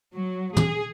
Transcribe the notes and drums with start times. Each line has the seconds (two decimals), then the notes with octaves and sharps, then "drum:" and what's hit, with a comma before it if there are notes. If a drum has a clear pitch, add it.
0.14 F#3
0.57 G#4, drum: tom